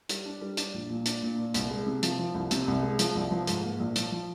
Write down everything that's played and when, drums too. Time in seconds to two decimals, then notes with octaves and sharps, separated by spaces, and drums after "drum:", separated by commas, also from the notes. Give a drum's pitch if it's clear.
0.09 G3, drum: hi-hat
0.25 D4
0.41 G3
0.57 D4, drum: hi-hat
0.74 A#1
0.90 A#2
1.05 D4, drum: hi-hat
1.22 A#2
1.39 A#2
1.54 C2, drum: hi-hat
1.71 G#3
1.87 C3
2.03 F3, drum: hi-hat
2.19 F3
2.35 C2
2.51 C3, drum: hi-hat
2.67 C2
2.83 G#3
2.99 F3, drum: hi-hat
3.15 C2
3.31 F3
3.47 G#2, drum: hi-hat
3.63 A#3
3.80 A#1
3.95 F3, drum: hi-hat
4.12 F3